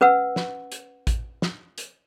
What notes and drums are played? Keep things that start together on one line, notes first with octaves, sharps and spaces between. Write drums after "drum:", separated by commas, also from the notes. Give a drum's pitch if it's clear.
C#4 B4 F#5 E6
drum: snare
drum: hi-hat
drum: kick A1, hi-hat
drum: snare
drum: hi-hat